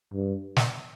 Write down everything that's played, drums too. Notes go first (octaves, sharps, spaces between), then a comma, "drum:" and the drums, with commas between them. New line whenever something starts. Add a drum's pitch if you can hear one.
G2
drum: snare